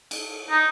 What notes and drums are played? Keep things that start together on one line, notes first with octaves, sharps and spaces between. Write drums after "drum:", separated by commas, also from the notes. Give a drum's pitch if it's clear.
drum: cymbal
D#4